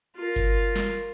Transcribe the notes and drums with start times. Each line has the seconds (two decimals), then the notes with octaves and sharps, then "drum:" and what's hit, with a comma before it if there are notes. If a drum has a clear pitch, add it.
0.16 F4 A#4
0.36 drum: kick G1, hi-hat
0.76 drum: snare